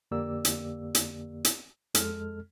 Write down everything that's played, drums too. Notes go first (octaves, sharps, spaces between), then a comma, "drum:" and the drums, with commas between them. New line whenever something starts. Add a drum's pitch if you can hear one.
F2 D3 A#3 G4 D5 E6
drum: hi-hat
drum: hi-hat
drum: hi-hat
F2 G#3 A4 F6, drum: hi-hat